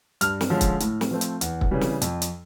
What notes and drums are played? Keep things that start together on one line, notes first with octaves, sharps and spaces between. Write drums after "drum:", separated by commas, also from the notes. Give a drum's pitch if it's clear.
G2 F6, drum: hi-hat
drum: snare
D3 F3 G#3 C#4
drum: kick, hi-hat
A2, drum: hi-hat
drum: snare
F3 A3 C4
drum: hi-hat
E2, drum: hi-hat
drum: kick
C#3 E3 G3
drum: snare
F2, drum: hi-hat
drum: hi-hat